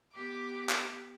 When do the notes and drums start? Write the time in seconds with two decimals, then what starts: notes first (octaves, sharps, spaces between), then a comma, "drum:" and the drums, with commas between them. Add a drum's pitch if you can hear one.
0.14 B3 G4 D6
0.69 drum: clap